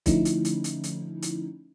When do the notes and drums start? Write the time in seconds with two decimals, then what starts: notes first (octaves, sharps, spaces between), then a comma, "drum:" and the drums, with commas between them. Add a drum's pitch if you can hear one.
0.06 D3 F3 A3 C#4 D#4 E4, drum: kick, hi-hat
0.25 drum: hi-hat
0.45 drum: hi-hat
0.64 drum: hi-hat
0.84 drum: hi-hat
1.22 drum: hi-hat